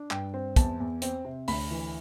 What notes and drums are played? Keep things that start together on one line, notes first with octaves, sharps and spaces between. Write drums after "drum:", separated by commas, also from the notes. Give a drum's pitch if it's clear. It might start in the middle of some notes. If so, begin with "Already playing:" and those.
Already playing: D4
G2 G5, drum: clap
C4
E2 A5, drum: kick, hi-hat
E2
C4, drum: hi-hat
C3
D2 B5, drum: open hi-hat
E3